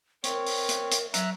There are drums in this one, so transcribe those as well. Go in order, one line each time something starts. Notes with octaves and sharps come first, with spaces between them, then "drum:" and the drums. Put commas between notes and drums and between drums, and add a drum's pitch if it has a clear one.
C4 A#4 C#5, drum: hi-hat
drum: open hi-hat
drum: hi-hat
drum: hi-hat
F#3 E5 A#5 F#6, drum: hi-hat